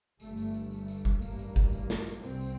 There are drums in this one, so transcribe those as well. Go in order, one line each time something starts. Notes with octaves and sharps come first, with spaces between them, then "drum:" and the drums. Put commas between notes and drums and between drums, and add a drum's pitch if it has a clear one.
G1 A3, drum: tambourine
G2
drum: tambourine
drum: tambourine
A3, drum: tambourine
drum: tambourine
drum: kick, tambourine
A1 G2 A#3, drum: tambourine
drum: tambourine
drum: kick, tambourine
A#3, drum: tambourine
drum: snare
drum: tambourine
C2 C4, drum: tambourine
drum: tambourine